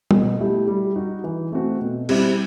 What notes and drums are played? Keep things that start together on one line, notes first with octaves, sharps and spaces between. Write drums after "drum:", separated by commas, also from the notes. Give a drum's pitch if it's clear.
B2, drum: tom
A3 E4 G4
G3
D#4 F#4
E3
A3 C4 F#4
B2
G3 C4 E4, drum: cymbal